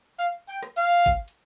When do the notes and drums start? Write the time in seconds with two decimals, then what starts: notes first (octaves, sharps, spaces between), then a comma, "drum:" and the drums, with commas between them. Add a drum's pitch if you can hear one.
0.19 F5, drum: hi-hat
0.48 G5
0.63 drum: rim click
0.77 F5
1.06 drum: kick G#1, hi-hat
1.28 drum: hi-hat